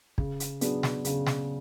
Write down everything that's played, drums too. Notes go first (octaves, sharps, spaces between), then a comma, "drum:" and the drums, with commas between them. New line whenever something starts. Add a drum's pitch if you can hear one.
C#3, drum: kick
drum: hi-hat
F#3 B3 D4 G#4, drum: hi-hat
drum: snare
C#3, drum: hi-hat
drum: snare